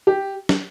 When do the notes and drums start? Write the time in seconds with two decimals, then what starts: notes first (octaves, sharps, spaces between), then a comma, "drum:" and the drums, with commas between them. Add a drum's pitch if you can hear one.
0.07 G4
0.49 drum: snare